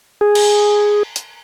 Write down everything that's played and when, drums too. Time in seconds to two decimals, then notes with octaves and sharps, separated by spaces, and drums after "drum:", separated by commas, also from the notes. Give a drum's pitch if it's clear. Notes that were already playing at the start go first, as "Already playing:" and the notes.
0.21 G#4
0.35 drum: cymbal
1.16 drum: hi-hat